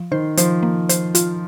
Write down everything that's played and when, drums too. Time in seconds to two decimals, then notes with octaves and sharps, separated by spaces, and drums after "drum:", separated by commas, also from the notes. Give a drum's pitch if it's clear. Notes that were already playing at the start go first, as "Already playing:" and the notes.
Already playing: F3
0.11 D#3 C5
0.37 F3 C5, drum: hi-hat
0.63 A#3
0.89 C5, drum: hi-hat
1.15 F4, drum: hi-hat